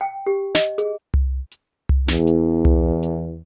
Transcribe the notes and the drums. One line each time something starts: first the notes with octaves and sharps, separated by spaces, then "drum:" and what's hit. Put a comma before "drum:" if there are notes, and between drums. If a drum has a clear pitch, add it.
G5
G4
D#5, drum: snare
G#4, drum: hi-hat
drum: tom C2
drum: hi-hat
drum: tom C2
E2, drum: snare
drum: hi-hat
drum: tom C2
drum: hi-hat